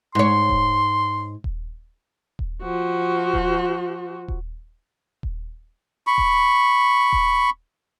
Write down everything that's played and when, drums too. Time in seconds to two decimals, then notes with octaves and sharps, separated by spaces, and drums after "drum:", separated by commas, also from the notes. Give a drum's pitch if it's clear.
0.15 G#2 C#5 C6
0.49 drum: kick D#1
1.44 drum: kick D#1
2.39 drum: kick D#1
2.63 F3 F#4
3.34 drum: kick D#1
4.28 drum: kick D#1
5.23 drum: kick D#1
6.07 B5 C#6
6.18 drum: kick D#1
7.13 drum: kick D#1